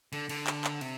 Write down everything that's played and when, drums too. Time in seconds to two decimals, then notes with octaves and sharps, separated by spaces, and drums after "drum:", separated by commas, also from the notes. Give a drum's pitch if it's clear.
0.13 D3, drum: cymbal
0.29 D3, drum: cymbal
0.47 drum: clap
0.64 drum: clap
0.81 C3, drum: cymbal